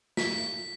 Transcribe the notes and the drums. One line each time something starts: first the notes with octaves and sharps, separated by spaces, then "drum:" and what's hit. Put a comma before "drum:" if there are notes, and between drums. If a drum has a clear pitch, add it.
B6, drum: snare